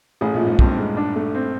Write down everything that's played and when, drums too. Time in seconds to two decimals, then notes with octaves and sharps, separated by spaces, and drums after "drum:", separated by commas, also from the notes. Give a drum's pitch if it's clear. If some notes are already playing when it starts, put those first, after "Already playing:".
0.21 A1 A2 G#4
0.34 A#1 A#2
0.40 F4
0.46 G#2
0.59 G2 C4, drum: kick
0.78 G#3
0.97 D4
1.16 A3
1.35 C4